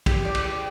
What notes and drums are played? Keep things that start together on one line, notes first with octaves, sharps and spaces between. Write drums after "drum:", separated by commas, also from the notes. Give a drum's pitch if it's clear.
G4, drum: kick, cymbal
D5
drum: cymbal
G4